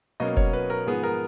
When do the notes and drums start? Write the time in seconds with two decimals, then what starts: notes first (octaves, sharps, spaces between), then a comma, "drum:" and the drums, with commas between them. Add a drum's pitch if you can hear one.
0.20 B2 F#3 A#3 C#4 D#5
0.37 C#5, drum: kick F1
0.53 B4
0.70 A#4
0.86 G#2 F3 B3 G#4
1.03 A#4